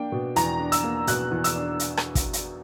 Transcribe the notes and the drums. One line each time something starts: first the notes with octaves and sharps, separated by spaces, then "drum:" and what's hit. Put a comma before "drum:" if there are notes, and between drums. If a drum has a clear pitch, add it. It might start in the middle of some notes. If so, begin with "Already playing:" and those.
Already playing: A#3 D4 G5
B2
E2 A#5, drum: hi-hat
D4
E6, drum: hi-hat
A#3
B2 F#6, drum: hi-hat
E2
E6, drum: hi-hat
D4
drum: hi-hat
drum: rim click
drum: kick, hi-hat
drum: hi-hat